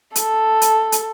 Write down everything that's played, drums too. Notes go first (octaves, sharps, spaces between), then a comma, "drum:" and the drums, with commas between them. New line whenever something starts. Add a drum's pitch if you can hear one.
A4, drum: hi-hat
drum: hi-hat
drum: hi-hat